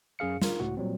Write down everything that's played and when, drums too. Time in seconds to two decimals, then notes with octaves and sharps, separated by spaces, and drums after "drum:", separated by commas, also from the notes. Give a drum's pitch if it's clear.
0.19 F#2 C#4 G#4 F5 C#7
0.42 F4 A#4, drum: snare
0.59 C#2 A2 F#4 F#5
0.77 A#2 F#3 G3 C4